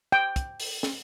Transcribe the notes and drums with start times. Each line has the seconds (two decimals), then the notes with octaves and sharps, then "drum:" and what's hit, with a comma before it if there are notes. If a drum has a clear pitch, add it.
0.12 G5
0.36 drum: kick, hi-hat
0.60 drum: open hi-hat
0.83 drum: snare